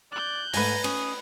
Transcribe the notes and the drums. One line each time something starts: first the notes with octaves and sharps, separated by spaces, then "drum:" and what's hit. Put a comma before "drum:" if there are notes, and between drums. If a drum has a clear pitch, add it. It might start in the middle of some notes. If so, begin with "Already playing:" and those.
D5 F#6 G6
G#2 A3 B4 G#5 A#5, drum: open hi-hat
C#4 D#6, drum: cymbal